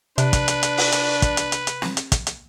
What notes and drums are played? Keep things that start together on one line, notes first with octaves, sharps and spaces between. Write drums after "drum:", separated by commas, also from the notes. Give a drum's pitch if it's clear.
C3 D4 B4, drum: hi-hat
drum: kick, hi-hat
drum: hi-hat
drum: hi-hat
drum: open hi-hat
drum: hi-hat
drum: kick, hi-hat
drum: hi-hat
drum: hi-hat
drum: hi-hat
drum: snare
drum: hi-hat
drum: kick, hi-hat
drum: hi-hat